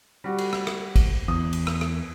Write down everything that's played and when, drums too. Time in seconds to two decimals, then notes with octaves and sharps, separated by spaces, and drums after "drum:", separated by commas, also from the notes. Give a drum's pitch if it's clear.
0.24 G3 F#4
0.38 drum: cymbal
0.53 drum: rim click
0.67 drum: rim click
0.96 drum: kick, cymbal
1.28 E2 D#6
1.53 drum: cymbal
1.67 drum: rim click
1.81 drum: rim click